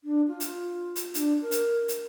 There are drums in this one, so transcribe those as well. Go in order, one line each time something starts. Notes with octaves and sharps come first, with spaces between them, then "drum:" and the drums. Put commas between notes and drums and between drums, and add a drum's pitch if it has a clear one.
D4
F4
drum: hi-hat
drum: hi-hat
D4, drum: hi-hat
A#4
drum: hi-hat
drum: hi-hat